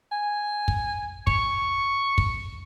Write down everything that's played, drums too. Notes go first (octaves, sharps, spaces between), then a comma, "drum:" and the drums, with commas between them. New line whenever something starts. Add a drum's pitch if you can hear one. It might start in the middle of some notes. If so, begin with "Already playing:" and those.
G#5
drum: kick
C#6, drum: kick
drum: kick